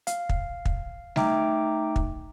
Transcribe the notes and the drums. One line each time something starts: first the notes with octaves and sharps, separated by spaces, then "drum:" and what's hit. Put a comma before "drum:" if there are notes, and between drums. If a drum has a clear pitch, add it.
F5, drum: hi-hat
drum: kick
drum: kick
A3 D#4 E5 G5 A#5 D6, drum: snare G3
drum: kick